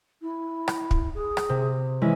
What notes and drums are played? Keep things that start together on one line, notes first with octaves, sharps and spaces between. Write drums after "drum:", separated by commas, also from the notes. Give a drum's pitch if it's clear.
E4
drum: rim click
drum: kick
G#4
drum: rim click
C3
E3 G#3 C#4 E4